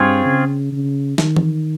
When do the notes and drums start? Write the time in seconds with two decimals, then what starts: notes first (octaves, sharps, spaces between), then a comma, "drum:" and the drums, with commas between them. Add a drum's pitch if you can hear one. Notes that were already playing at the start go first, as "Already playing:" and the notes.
Already playing: G2 C4 F4 G#4 C#5
0.25 C#3
0.72 C#3
1.18 D#3, drum: snare
1.36 drum: tom E3